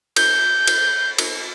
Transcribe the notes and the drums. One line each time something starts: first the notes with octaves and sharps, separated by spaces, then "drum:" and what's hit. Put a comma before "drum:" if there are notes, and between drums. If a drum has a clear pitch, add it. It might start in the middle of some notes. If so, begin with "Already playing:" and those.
G6, drum: cymbal
drum: cymbal
drum: cymbal